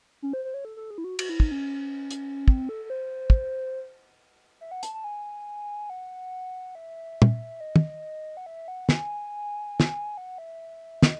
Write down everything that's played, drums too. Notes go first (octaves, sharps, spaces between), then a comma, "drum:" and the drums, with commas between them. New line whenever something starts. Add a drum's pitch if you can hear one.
C#4
C5
C5
C#5
A4
A4
G#4
E4
F#4
F#4, drum: cymbal
E4
D#4, drum: kick
C#4
drum: hi-hat
C4, drum: kick
A4
A4
C5
drum: kick
E5
F#5
A5, drum: hi-hat
A5
G#5
F#5
E5
drum: tom
D#5
drum: tom
F#5
E5
F#5
G#5, drum: snare
drum: snare
F#5
E5
D#5, drum: snare